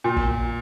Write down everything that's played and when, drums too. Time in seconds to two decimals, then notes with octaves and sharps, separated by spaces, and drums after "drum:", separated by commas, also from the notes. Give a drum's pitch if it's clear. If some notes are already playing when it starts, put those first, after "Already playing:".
0.04 A#2
0.17 drum: kick